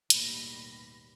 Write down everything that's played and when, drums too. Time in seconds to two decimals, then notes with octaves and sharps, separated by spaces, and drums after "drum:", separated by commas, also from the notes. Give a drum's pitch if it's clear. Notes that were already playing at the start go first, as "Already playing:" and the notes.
0.10 A1 D#2 B2 G3 B5 A#6, drum: hi-hat